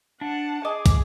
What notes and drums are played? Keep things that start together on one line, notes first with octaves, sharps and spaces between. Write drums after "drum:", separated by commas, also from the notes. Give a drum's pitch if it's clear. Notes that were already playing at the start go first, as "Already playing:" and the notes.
D4 F#5 A5
G#4 D#5 D6
drum: kick, hi-hat